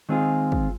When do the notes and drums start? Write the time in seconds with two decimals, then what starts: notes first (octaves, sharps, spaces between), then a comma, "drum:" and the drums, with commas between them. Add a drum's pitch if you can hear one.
0.09 D#3 G#3 C4 F4 G#4
0.52 drum: kick